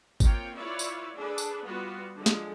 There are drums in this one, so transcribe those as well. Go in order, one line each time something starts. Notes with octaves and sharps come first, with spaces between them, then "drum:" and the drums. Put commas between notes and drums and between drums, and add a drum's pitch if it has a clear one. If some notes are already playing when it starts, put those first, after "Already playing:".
A#3 C4 F4 C#5 G5, drum: kick G#1, tambourine
E4 F4 B4 C#5 D5 E5
drum: tambourine
D4 G#4 A4 B4
drum: tambourine
G3 B3 F4 F#4 B4
D3 F3 G#3
drum: snare